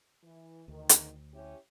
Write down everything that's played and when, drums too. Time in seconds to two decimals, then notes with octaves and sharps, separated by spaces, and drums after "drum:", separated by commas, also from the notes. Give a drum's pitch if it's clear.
0.22 E3
0.68 D2 D#3
0.89 drum: hi-hat
1.33 C#4 E4 G4